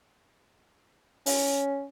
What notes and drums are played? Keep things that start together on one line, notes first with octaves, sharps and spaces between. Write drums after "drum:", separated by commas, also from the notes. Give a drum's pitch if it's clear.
C#4, drum: open hi-hat